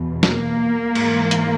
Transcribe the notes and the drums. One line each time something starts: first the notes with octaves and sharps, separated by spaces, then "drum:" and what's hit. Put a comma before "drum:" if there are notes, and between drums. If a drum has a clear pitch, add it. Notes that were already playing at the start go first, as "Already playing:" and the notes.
Already playing: E2 B2
A#3, drum: snare
G#2 E3, drum: cymbal
drum: hi-hat